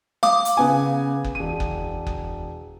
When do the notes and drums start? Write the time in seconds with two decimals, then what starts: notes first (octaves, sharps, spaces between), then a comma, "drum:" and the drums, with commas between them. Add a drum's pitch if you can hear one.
0.23 F5 D6 D#6, drum: snare
0.45 drum: hi-hat
0.57 C#3 B3 G#5
1.24 drum: kick F#1
1.35 E1 D#7
1.60 drum: kick F#1
2.07 drum: kick F#1